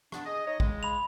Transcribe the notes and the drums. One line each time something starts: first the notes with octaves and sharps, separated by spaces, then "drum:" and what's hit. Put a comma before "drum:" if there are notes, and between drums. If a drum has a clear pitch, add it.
B3 D4, drum: rim click
G#4 D#5
D#4 C#5 D#5
C#3 G#3, drum: kick
B5 F7